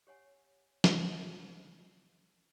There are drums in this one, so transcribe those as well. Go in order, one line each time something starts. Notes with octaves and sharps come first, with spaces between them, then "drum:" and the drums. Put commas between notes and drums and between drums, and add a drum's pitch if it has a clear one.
G4 C#5 F#5 G#5
drum: snare